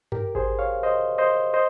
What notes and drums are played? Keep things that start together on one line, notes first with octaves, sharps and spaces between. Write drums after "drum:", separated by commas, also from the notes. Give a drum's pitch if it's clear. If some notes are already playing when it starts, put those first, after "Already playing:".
G4 A#4, drum: tom G2
G#4 C5, drum: kick G#1
C#5 F5
C5 D#5
C5 D#5
C5 D#5